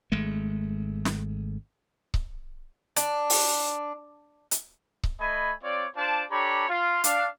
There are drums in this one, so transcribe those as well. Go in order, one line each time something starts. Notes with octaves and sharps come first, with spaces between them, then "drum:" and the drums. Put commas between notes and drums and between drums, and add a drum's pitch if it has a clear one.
G#1 G#3 A3
drum: snare
drum: kick C#1
D4, drum: hi-hat
drum: open hi-hat
drum: hi-hat
drum: kick C#1
A3 D#5 G#5 B5
C4 F4 C#5 D5
D4 F4 C5 D5 A5
D4 G4 A4 C#5 A#5 B5
F4
D4 F5, drum: hi-hat